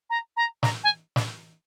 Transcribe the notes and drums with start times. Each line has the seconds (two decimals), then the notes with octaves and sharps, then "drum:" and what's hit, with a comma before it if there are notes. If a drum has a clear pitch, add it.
0.10 A#5
0.36 A#5
0.63 A#5, drum: snare
0.83 G#5
1.16 drum: snare